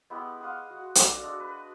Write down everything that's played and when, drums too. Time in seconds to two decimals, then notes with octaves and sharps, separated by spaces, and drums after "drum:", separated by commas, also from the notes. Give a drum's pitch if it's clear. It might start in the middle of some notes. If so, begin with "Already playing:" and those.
0.10 G#3 B3 E4 G4
0.41 F5 F#5 C6 D#6
0.70 F#4
0.95 F#4 A4 D5 F5, drum: hi-hat
1.20 G#3 D4
1.40 B4